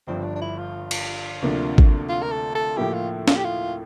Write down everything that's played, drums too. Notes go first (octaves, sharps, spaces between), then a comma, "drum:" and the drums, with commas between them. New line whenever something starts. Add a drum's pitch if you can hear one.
G1 G2 F3 C4
D4
D4
E4
F4
drum: cymbal
D2 C3 F3 A#3 D4
drum: kick G#1
F4
A#4
A4
A4
A2 F3 A#3 E4 G4
F4
F4, drum: snare
G4
F4